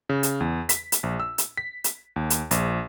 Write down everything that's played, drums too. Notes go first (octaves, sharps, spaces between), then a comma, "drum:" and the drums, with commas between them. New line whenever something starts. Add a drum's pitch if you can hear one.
C#3
drum: hi-hat
E2
B6, drum: hi-hat
drum: hi-hat
A#1
E6
drum: hi-hat
B6
drum: hi-hat
D#2
drum: hi-hat
A#1, drum: hi-hat